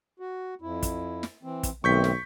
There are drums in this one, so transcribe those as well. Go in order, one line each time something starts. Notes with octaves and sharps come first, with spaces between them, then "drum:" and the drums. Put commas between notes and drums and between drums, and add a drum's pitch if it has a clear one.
F#4
F2 E4
drum: kick, hi-hat
drum: snare
E3 C4
drum: kick, hi-hat
B1 D#3 A3 C4 C#6 G6 B6
drum: snare